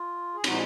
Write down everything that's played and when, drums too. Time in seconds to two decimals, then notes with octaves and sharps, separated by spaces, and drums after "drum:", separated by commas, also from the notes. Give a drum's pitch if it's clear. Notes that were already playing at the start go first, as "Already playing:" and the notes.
Already playing: F4
0.34 G#4
0.44 A#2 F3 G#3 D#4 F#4, drum: cymbal